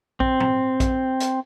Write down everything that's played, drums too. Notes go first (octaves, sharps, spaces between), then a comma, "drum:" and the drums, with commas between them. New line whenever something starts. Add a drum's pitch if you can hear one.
C4, drum: kick A#1
drum: tom
drum: kick A#1, hi-hat
drum: hi-hat